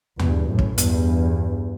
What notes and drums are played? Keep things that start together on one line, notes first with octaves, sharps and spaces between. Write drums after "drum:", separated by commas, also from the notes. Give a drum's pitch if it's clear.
E2 G2, drum: tom
F#2 A2
drum: kick
E2 G2, drum: hi-hat